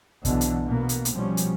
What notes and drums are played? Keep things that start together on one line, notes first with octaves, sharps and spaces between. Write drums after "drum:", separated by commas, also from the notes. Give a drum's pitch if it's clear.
B1 B2 D3 E3, drum: kick, hi-hat
drum: hi-hat
B2 A#3 B3
drum: hi-hat
drum: hi-hat
B2 F3 G3 C#4
drum: hi-hat